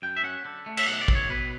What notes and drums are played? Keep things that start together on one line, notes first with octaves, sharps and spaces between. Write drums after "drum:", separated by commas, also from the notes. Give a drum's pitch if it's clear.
F#2 G5
E5
C#4 F#5
D3
A3
E5, drum: cymbal
B1 F#5
D5
B1, drum: kick A1
C#5
B2 B4